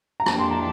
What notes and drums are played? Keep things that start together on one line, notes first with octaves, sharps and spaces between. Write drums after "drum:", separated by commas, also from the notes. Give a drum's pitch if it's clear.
A#5
F2 E3 A#3 D4 G4 A5, drum: rim click
C6
A#5